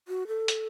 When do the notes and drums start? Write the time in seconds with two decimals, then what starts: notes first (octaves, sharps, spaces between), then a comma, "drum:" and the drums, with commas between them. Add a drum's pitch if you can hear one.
0.08 F#4
0.28 A4
0.48 drum: hi-hat